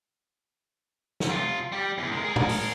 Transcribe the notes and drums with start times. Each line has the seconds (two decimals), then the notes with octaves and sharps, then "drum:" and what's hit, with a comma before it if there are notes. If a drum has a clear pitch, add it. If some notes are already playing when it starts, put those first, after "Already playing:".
1.20 drum: snare
1.30 C3 F4
1.72 G3 G4
1.98 E2
2.12 G#3 A#4
2.24 G#4 A#4
2.36 drum: tom A2
2.49 drum: open hi-hat